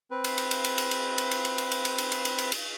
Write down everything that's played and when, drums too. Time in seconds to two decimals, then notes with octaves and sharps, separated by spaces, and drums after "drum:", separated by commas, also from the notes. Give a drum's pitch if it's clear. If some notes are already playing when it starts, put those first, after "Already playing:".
0.11 C4 B4
0.24 drum: cymbal
0.38 drum: cymbal
0.51 drum: cymbal
0.64 drum: cymbal
0.78 drum: cymbal
0.91 drum: cymbal
1.18 drum: cymbal
1.31 drum: cymbal
1.45 drum: cymbal
1.58 drum: cymbal
1.71 drum: cymbal
1.85 drum: cymbal
1.98 drum: cymbal
2.12 drum: cymbal
2.25 drum: cymbal
2.38 drum: cymbal
2.52 drum: cymbal